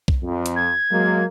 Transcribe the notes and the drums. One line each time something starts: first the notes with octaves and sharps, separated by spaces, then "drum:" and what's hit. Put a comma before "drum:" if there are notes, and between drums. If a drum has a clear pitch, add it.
drum: kick B1
F2
drum: hi-hat
G#6
F#3 G#3 A#3